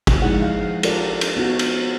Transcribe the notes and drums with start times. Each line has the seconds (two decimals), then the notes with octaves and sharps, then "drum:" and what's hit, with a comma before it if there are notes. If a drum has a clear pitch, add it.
0.07 drum: kick, cymbal
0.22 F3 G#3 D#4 E4 G#4 F#5
0.42 F5
0.83 F4 G4 A4 A#4 D5, drum: cymbal
1.21 drum: cymbal
1.37 B3 D#4 F#4
1.59 drum: cymbal